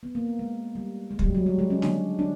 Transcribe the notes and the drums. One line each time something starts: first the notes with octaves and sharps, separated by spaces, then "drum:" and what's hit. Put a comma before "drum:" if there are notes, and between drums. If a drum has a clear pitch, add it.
B3
A#3
B3
G#3
G3
G#3
G3, drum: kick
F#3
F#3
G3
G#3
C#4
D4, drum: snare
D4